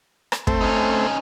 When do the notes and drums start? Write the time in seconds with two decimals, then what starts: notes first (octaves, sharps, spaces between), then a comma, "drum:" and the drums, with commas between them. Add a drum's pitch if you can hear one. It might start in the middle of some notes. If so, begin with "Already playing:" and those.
0.32 drum: rim click
0.47 A3 C4, drum: kick
0.61 C#4 D#4